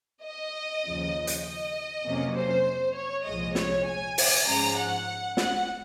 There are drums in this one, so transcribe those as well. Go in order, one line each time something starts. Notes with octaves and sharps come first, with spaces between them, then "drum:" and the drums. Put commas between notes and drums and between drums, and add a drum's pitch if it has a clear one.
D#5
D#2 C#3 F3
drum: hi-hat
D#5
F2 C3 F#3 A#3 C#4
C5
C#5
C2 A#2 F3 G#3 D#5
C#5, drum: snare
G#5
drum: open hi-hat
G#2 F3 G#3 C#4 A#5
F#5
F#5, drum: snare